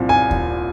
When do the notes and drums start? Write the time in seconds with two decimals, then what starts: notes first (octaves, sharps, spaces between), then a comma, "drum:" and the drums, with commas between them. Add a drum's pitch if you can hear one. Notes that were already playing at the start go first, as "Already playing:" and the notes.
Already playing: C2 A#2 F3 C4
0.09 G#5
0.31 drum: kick D#2